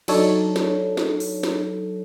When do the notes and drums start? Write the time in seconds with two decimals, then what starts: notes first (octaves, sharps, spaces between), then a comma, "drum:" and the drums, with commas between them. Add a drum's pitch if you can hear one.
0.08 F#3 D4 D#4 A4 C#5, drum: cymbal
0.56 drum: snare
0.97 drum: snare
1.20 drum: open hi-hat
1.43 drum: snare